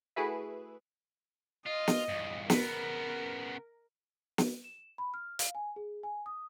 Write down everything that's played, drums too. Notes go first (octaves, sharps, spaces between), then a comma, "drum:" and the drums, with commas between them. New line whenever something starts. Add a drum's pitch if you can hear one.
A3 E4 F#4 G#4 B4 E5
F4 D#5
drum: snare
E2 G2
C#3 B3 A#4, drum: snare
drum: snare
E7
B5
F6
F5, drum: hi-hat
G#5
G#4
G#5
D#6